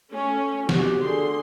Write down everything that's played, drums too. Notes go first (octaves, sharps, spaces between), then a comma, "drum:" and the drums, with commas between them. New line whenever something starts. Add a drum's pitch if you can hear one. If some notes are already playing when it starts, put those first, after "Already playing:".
A3 C#4
F#4 G4, drum: snare
D3 G#4 C6